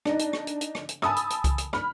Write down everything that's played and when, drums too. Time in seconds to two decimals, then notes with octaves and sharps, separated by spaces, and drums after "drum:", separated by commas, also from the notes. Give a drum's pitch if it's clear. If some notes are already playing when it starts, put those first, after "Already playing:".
0.05 D4 D#4, drum: rim click
0.19 drum: hi-hat
0.33 drum: rim click
0.47 drum: hi-hat
0.61 drum: hi-hat
0.75 drum: rim click
0.89 drum: hi-hat
1.02 G#5 A5 B5 D#6 E6, drum: rim click
1.16 drum: hi-hat
1.30 drum: hi-hat
1.44 drum: kick C2, hi-hat
1.58 drum: hi-hat
1.73 B5 F6, drum: rim click